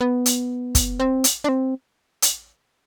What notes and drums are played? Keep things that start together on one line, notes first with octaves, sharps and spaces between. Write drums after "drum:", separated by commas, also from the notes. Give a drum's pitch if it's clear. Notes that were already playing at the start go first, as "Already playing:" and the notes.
B3
drum: hi-hat
drum: kick, hi-hat
C4
drum: hi-hat
D4
C4
drum: hi-hat